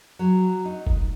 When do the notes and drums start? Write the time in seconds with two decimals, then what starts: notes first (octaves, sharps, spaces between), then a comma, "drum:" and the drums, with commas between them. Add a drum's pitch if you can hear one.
0.19 F#3
0.65 D#4
0.87 drum: kick